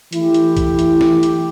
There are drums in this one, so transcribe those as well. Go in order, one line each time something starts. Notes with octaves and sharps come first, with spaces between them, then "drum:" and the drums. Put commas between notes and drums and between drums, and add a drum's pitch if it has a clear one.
E3 A3 E4 G4, drum: hi-hat
drum: hi-hat
drum: kick B1, hi-hat
drum: hi-hat
drum: snare
drum: hi-hat